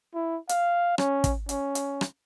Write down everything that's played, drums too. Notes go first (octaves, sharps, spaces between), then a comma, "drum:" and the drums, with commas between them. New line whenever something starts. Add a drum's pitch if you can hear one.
E4
F5, drum: hi-hat
C#4, drum: rim click
drum: kick, hi-hat
C#4, drum: hi-hat
drum: hi-hat
drum: rim click